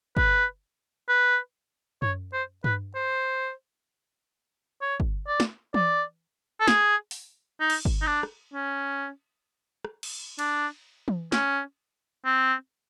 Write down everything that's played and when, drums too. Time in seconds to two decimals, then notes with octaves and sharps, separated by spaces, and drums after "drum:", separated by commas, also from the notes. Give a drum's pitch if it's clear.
0.17 B4, drum: kick
1.09 B4
2.02 C#5, drum: tom F#2
2.33 C5
2.64 B4, drum: tom G2
2.95 C5
4.81 C#5
5.00 drum: kick
5.27 D5
5.40 drum: snare
5.74 D5, drum: tom E3
6.60 A4
6.68 G#4, drum: snare
7.11 drum: open hi-hat
7.60 D#4
7.70 drum: cymbal
7.85 drum: kick
8.02 D#4
8.07 D4
8.23 drum: rim click
8.53 C#4
9.85 drum: rim click
10.03 drum: cymbal
10.39 D4, drum: cymbal
11.08 drum: tom E3
11.32 C#4, drum: snare
12.25 C4